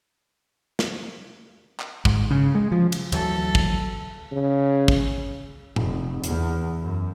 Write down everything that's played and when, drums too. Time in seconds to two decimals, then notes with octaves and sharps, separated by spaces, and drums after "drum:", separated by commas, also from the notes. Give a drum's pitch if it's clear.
0.79 drum: snare
1.80 drum: clap
2.05 G#2, drum: kick
2.31 C#3
2.55 G#3
2.72 F3
2.92 drum: cymbal
3.12 D2 E3 F#3 A4, drum: cymbal
3.55 drum: kick
4.32 C#3
4.88 drum: kick
5.76 F1, drum: tom A2
6.24 E2, drum: hi-hat
6.82 F#2